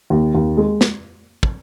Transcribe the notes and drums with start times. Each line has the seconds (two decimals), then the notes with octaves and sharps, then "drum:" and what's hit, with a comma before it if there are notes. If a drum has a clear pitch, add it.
0.10 D#2
0.35 D#2
0.57 G#3
0.81 drum: snare
1.43 drum: kick